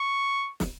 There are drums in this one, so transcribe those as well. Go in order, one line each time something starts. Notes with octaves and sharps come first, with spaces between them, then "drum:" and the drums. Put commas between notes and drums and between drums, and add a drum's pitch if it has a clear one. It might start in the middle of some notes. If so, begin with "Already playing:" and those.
Already playing: C#6
drum: snare